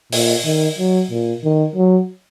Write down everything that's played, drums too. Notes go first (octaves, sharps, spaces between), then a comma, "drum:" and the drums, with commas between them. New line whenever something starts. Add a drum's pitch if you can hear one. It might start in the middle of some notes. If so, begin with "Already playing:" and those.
A#2, drum: open hi-hat
D#3
F#3
A#2
D#3
F#3